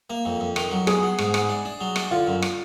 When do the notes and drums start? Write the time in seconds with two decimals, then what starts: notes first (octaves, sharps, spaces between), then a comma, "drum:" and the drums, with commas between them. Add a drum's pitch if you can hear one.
0.10 A#3
0.25 F2
0.40 F2
0.56 D#3, drum: rim click
0.71 F#3
0.87 B3 G#4, drum: rim click
1.03 B3
1.18 G#2, drum: rim click
1.34 B3, drum: rim click
1.49 D4
1.65 D4
1.81 F#3
1.96 D4, drum: rim click
2.11 D3 F4
2.27 F#2
2.42 drum: rim click